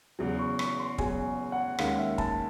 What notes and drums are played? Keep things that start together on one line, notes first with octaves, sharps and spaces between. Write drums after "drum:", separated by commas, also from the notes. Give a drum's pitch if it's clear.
E2 C#3 F#3
C#6
C#6, drum: rim click
C6
E2 C#3 F#3 G#5, drum: kick
F#5
D#2 D#3 G#3 C#4 F5, drum: rim click
E5
A5, drum: kick